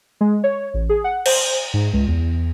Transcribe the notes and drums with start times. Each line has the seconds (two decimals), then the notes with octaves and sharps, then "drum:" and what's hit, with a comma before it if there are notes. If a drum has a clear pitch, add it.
0.21 G#3
0.44 C#5
0.74 A1
0.89 G#4
1.04 F#5
1.26 C5, drum: cymbal
1.74 G#2
1.93 C#2
2.08 E2